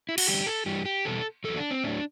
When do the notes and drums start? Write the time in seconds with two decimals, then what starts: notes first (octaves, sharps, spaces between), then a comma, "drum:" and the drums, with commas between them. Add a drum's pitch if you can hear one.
0.09 E4
0.18 F#4, drum: cymbal
0.27 E2 D3 G3 G4
0.46 A4
0.66 G2 E3 G3 G4
0.85 G4
1.05 E2 B2 G3 A4
1.44 E2 C3 F#3 A4
1.57 D4
1.71 C4
1.84 A2 F#3 D4